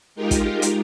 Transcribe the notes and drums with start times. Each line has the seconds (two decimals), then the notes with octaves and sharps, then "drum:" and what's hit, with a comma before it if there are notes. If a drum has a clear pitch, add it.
0.15 G#3 D#4 F4 G4 A#4
0.31 drum: kick, hi-hat
0.62 drum: hi-hat